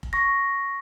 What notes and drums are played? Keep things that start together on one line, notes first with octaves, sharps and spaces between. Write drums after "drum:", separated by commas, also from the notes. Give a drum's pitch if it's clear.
drum: kick F1
C#6 A#6